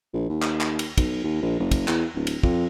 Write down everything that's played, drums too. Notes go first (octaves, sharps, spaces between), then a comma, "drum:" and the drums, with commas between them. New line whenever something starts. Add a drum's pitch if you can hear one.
A#1
D#2
drum: clap
drum: clap
drum: cymbal
B1, drum: kick, cymbal
D#2
A#1
F#1
drum: kick, cymbal
E2, drum: clap
D1
drum: cymbal
F2, drum: kick